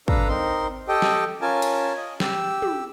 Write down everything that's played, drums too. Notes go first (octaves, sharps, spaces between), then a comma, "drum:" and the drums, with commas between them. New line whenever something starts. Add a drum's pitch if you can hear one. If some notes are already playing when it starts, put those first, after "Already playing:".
D4 A4 B4 F5 A#5, drum: kick
C4 D#4 A#4 C6
G4 A4 D#5 G5
drum: snare
C#4 F4 A#4 G#5 A5
drum: cymbal
D#5
G4 E6, drum: snare
drum: tom